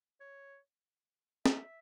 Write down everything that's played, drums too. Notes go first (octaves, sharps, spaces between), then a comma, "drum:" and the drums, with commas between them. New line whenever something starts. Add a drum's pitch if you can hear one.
C#5
E5, drum: snare